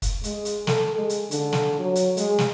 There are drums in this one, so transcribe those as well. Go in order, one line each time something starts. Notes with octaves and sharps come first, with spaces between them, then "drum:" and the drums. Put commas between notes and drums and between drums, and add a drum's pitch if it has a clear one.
drum: kick, hi-hat
G#3, drum: hi-hat
drum: hi-hat
A4, drum: snare
G#3
drum: hi-hat
D3, drum: hi-hat
drum: snare
F#3
drum: hi-hat
G#3, drum: hi-hat
drum: snare